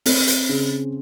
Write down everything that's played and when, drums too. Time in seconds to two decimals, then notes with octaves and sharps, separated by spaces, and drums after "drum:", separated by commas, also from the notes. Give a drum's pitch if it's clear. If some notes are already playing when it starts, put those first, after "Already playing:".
0.06 C4, drum: open hi-hat
0.28 drum: hi-hat
0.49 C#3